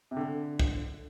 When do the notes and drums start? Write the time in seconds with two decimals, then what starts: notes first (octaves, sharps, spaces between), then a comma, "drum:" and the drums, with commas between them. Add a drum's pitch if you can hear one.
0.11 C3
0.17 D3
0.59 drum: kick